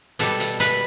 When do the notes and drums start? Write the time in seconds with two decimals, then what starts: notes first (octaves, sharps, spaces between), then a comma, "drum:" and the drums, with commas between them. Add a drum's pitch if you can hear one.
0.19 B2 G3 A4, drum: hi-hat
0.40 drum: hi-hat
0.60 B4, drum: hi-hat